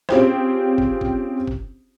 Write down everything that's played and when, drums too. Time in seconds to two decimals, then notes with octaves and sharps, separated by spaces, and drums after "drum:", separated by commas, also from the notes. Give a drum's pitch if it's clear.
0.09 C4 C#4 F4 G4 G#4 C5, drum: rim click
0.78 drum: kick F#1
1.01 drum: kick F#1
1.47 drum: kick F#1